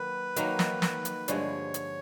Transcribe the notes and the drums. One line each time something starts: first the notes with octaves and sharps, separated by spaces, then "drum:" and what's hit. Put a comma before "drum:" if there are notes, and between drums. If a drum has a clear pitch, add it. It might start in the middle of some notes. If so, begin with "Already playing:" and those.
Already playing: D#3 F#3 A#3 B4
D#3 F#3 A#3 D#4, drum: hi-hat
drum: snare
drum: snare
drum: hi-hat
G2 D3 F3 G#3 C#5, drum: hi-hat
drum: hi-hat